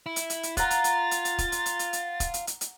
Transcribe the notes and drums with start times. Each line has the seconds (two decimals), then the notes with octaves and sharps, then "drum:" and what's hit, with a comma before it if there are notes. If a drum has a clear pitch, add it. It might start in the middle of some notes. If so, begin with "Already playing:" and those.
0.06 E4
0.16 drum: hi-hat
0.30 drum: hi-hat
0.43 drum: hi-hat
0.57 F4 F#5 A#5 A6, drum: kick, hi-hat
0.71 drum: hi-hat
0.84 drum: hi-hat
1.11 drum: hi-hat
1.25 drum: hi-hat
1.38 drum: kick, hi-hat
1.52 drum: hi-hat
1.66 drum: hi-hat
1.79 drum: hi-hat
1.93 drum: hi-hat
2.20 drum: kick, hi-hat
2.34 drum: hi-hat
2.47 drum: hi-hat
2.61 drum: hi-hat